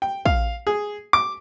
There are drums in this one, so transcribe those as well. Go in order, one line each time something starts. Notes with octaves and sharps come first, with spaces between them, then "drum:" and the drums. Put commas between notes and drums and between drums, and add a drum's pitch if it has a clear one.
G5
F5, drum: kick
G#4
D6